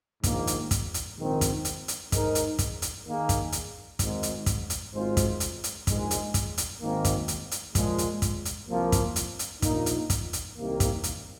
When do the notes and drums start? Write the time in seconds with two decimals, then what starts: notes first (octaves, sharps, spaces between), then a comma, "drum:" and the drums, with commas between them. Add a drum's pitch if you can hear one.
0.24 A#1 G#2 D#3 A#3, drum: kick, hi-hat
0.47 drum: hi-hat
0.71 drum: kick, hi-hat
0.94 drum: hi-hat
1.18 A#1 G#2 D#3 C4
1.41 drum: kick, hi-hat
1.65 drum: hi-hat
1.88 drum: hi-hat
2.12 G#2 G#3 D#4 A#4, drum: kick, hi-hat
2.35 drum: hi-hat
2.59 drum: kick, hi-hat
2.82 drum: hi-hat
3.05 D#3 A#3 G#4
3.29 drum: kick, hi-hat
3.52 drum: hi-hat
3.99 G#1 G#2 G#3, drum: kick, hi-hat
4.23 drum: hi-hat
4.46 drum: kick, hi-hat
4.70 drum: hi-hat
4.93 G#1 G#2 G#3 F4 C5
5.17 drum: kick, hi-hat
5.40 drum: hi-hat
5.64 drum: hi-hat
5.87 A#1 G#2 G#3, drum: kick, hi-hat
6.11 drum: hi-hat
6.34 drum: kick, hi-hat
6.58 drum: hi-hat
6.81 G#1 G#2 D#3 A#3
7.05 drum: kick, hi-hat
7.28 drum: hi-hat
7.51 drum: hi-hat
7.75 A#2 F3 G#3, drum: kick, hi-hat
7.98 drum: hi-hat
8.22 drum: kick, hi-hat
8.45 drum: hi-hat
8.69 C2 C3 F3 A#3
8.92 drum: kick, hi-hat
9.16 drum: hi-hat
9.39 drum: hi-hat
9.62 A#1 A#2 A#3 D#4, drum: kick, hi-hat
9.86 drum: hi-hat
10.10 drum: kick, hi-hat
10.33 drum: hi-hat
10.57 C2 C3 D#3 A#3
10.80 drum: kick, hi-hat
11.04 drum: hi-hat